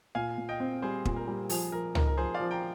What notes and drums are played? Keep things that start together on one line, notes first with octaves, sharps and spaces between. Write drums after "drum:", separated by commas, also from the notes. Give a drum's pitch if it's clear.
A#2 F5 G#5
A#2
D#5 G5
C4
G3 G#4 C5
A#2, drum: kick
A#4
G3
F3 G#4, drum: open hi-hat
F3 A#4
D#4 A#4, drum: tom C#2
A#4
F3 G#4 C5
D5 F5
F3
G5 A#5